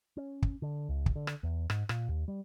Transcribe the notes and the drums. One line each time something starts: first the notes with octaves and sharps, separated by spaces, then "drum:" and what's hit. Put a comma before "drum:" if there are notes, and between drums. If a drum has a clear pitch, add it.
C#4
drum: kick
D3
C#2
drum: kick
D3
drum: rim click
E2
G#2, drum: rim click
A#2, drum: rim click
D#2
G3